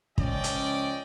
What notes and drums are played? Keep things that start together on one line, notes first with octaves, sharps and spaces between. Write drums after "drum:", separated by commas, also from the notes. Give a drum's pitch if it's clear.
C#2 F3 C#4 D5 D#5 G5, drum: kick
drum: hi-hat